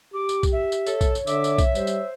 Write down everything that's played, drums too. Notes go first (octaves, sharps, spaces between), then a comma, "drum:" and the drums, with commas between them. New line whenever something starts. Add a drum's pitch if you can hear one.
G4 D6
drum: tambourine
drum: kick, tambourine
E5
drum: tambourine
A4 C#5, drum: tambourine
drum: kick, tambourine
drum: tambourine
D3 E5 D6, drum: tambourine
drum: tambourine
drum: kick, tambourine
G3 C5, drum: tambourine
drum: tambourine